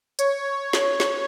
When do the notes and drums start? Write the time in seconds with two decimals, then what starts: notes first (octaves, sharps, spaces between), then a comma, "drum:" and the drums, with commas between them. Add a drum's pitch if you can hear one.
0.19 C#5, drum: hi-hat
0.73 drum: snare
1.00 drum: snare